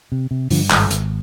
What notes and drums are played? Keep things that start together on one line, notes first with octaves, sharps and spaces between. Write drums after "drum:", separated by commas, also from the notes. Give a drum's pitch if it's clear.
C3
C3
G2 D3 F3, drum: open hi-hat
G#1, drum: clap
G#1, drum: hi-hat